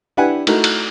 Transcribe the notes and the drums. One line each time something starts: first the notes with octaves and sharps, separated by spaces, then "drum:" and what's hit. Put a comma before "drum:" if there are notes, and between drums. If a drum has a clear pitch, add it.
D4 E4 G4 B4 F#5 G#5
A3 D#4 E4 F#4 A#4, drum: cymbal
drum: cymbal